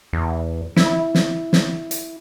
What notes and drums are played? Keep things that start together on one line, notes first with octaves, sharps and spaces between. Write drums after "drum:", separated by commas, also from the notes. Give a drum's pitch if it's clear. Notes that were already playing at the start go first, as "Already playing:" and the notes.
E2
E4, drum: snare
drum: snare
drum: snare
drum: hi-hat